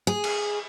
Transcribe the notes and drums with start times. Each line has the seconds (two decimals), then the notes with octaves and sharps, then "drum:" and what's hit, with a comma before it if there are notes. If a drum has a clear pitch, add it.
0.07 G#4
0.24 drum: cymbal